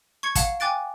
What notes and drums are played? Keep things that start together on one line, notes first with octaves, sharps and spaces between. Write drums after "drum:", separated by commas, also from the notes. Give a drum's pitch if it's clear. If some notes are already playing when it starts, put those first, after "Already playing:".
C#6 G#6 C#7
F5 F#5 A5, drum: kick, hi-hat
G5 G#5 D6 F#6 A6 D7